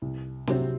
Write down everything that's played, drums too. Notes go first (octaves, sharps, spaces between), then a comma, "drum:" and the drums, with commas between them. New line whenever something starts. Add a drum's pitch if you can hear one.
C2
C3 F#3 C4, drum: snare